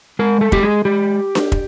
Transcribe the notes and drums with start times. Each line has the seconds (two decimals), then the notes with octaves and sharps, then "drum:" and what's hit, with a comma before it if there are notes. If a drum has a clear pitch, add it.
0.19 G#3 A#4
0.41 A4
0.52 G#3 G4, drum: kick
0.63 G#4
0.85 G#3 G4
1.35 drum: snare D4
1.52 drum: kick